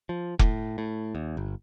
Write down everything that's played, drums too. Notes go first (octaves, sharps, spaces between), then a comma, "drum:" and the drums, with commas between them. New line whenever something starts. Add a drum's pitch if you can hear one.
F3
A2, drum: kick F1
A2
D#2
G1